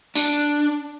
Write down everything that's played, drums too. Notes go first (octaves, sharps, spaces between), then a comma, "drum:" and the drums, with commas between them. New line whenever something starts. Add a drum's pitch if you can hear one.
D4, drum: tambourine